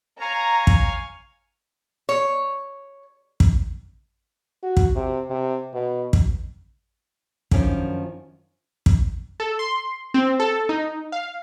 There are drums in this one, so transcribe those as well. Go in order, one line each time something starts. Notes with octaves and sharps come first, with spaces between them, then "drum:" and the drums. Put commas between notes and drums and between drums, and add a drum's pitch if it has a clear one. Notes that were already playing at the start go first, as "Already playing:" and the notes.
C#5 F5 G#5 A#5
drum: kick
C#5
drum: kick
F#4
drum: kick
C3
C3
B2
drum: kick
F#2 D#3 F3 C#4 D4, drum: kick
drum: kick
A4
C6
C4
A4
D#4
F5